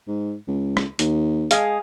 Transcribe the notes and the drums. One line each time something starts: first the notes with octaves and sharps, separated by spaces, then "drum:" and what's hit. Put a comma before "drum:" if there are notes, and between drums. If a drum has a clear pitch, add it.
G#2
C#2
drum: rim click
D#2, drum: hi-hat
G#3 G#4 F5, drum: hi-hat